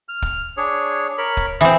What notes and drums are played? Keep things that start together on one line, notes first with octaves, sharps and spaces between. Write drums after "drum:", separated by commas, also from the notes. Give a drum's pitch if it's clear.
F6
drum: kick
D4 G#4 C#5
A#4 C#5 B5
drum: kick
E3 C4 G#4 C6